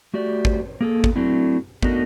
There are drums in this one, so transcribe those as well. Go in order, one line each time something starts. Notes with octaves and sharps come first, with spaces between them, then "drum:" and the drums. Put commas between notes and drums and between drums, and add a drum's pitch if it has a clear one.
A3 F#4 G4 D5
drum: kick
A#3 G#4 A4
drum: kick
F#3 A3 C4 D4 E4
A3 B3 D4 D#4 F#4 A#4, drum: kick